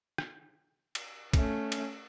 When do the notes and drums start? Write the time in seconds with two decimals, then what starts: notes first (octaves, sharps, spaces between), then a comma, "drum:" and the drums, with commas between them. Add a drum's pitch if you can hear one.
0.18 drum: rim click
0.95 drum: cymbal
1.33 A3 C#4, drum: kick, cymbal
1.72 drum: cymbal